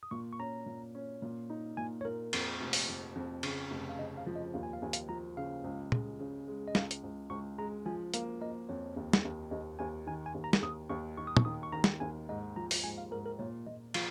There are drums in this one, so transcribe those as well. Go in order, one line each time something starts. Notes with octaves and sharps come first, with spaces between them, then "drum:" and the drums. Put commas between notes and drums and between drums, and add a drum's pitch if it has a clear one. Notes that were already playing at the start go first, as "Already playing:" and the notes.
D#6
A#2 C#6
C#6
C#4 A#5
A#2
C#4
A#2
D#4
A#2 G#5
C#5
A#2 A#4
F2, drum: cymbal
F1
drum: open hi-hat
F2
F2
C#3, drum: cymbal
F1
F5
C#3 D#5
F5
F3
D#5
D#2 F5
G#5
F5
D#2 G#5
F5, drum: hi-hat
F3 A#5
C#3 F5
C#2
G#3, drum: tom
C#3
G#3
D#5
C#2 F5, drum: snare
drum: hi-hat
C#2
C#2 C#6
G#3 A#5
F3 G#5
A#3 F5, drum: hi-hat
A#3 D#5
F2 C#5
D#2
drum: snare
D#2
D#2 D#5
D#2 G#5
D#3 G#5
G#5
D#2
A#5
drum: snare
D#2 D#6
D#2 C#6
D#3 C#6
D#6
C#6, drum: tom
D#3 D#6
C#6
D#3 A#5
drum: snare
D#2 G#5
G#2 D#5
F3 A#5
drum: open hi-hat
G#2 G#5
F5
G#2 A#4
A#4
A#2 C#5
A#2 D#5
F3 F5, drum: cymbal